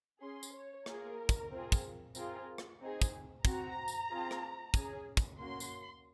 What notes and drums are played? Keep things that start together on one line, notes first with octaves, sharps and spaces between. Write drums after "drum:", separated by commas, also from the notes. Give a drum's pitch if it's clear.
C#4 G#4 C6
drum: tambourine
C#5
A#3 F4 G#4 A#4, drum: rim click
drum: kick, tambourine
C4 F4 G#4
drum: kick, tambourine
C4 F4 G#4 A#4, drum: tambourine
drum: rim click
C4 D#4 G#4
drum: kick, tambourine
C4 F#4 A#5, drum: kick, tambourine
drum: tambourine
C4 F4 G#4
drum: rim click
C#4 G#4, drum: kick, tambourine
drum: kick, tambourine
A#3 C#4 F#4 C6
drum: tambourine